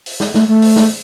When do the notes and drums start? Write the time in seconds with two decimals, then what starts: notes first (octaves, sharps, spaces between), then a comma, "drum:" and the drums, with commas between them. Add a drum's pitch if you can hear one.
0.06 drum: open hi-hat
0.20 drum: snare
0.34 A3, drum: snare
0.48 A3
0.62 drum: open hi-hat
0.76 drum: snare